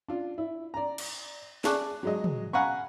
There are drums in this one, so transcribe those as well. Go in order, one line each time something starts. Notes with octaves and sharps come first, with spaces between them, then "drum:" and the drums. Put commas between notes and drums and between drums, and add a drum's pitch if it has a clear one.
D4 F4
E4
D5 A#5
drum: cymbal
G#4 D5 A5 C#6 D6 F#6, drum: snare
F#3 G#3 D#5
drum: tom
F5 F#5 G#5 A#5 B5 C#6